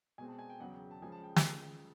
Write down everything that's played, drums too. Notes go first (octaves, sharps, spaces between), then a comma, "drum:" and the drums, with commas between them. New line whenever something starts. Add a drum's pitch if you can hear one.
B2 G#3 C4 G#5
A5
G#5
G5
E2 C#3 F#3 F#5
G5
A5
C#3 F3 G#3 G#5
A5
G5
drum: snare